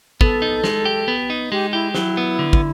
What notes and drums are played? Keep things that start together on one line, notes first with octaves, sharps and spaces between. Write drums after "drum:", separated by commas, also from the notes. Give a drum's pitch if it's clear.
B3 A4, drum: kick
D#4
G#3, drum: snare
G4
B3
D#4
G#3 G4
E4 G4
F#3 E4, drum: snare
B3
D3
drum: kick